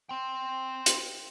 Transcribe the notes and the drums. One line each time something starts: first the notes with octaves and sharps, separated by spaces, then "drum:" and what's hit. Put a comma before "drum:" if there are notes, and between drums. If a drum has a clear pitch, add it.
G5 C6
drum: hi-hat